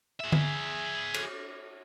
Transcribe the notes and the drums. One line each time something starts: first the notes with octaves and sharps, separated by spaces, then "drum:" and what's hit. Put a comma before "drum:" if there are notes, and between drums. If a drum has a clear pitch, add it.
G#4 E5
drum: tom D3
drum: cymbal